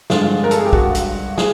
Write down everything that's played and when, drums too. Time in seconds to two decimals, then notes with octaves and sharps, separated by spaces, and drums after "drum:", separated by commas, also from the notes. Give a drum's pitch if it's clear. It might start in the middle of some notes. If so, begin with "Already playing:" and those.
0.10 G2 D3 F3 G#3 F4, drum: snare
0.44 A#4
0.51 A4, drum: hi-hat
0.59 G#4
0.65 G4
0.73 F#4, drum: kick
0.95 drum: hi-hat
1.38 G#4, drum: snare